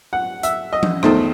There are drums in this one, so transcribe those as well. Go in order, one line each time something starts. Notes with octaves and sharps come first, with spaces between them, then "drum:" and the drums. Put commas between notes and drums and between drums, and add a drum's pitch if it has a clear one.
F#5
E5, drum: hi-hat
D#5
drum: tom F3
E2 D#3 A3 D#4 C5, drum: rim click